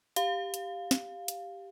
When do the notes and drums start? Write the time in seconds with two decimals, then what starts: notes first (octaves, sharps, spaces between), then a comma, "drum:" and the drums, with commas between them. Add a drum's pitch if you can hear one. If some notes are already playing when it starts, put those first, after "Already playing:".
0.16 G4 F5, drum: hi-hat
0.54 drum: hi-hat
0.91 drum: snare
1.28 drum: hi-hat